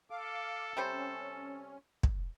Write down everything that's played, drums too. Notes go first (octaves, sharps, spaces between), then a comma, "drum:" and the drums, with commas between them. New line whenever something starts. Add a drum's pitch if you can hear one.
A4 F5 D6
C3 G3 C#4 C5
drum: kick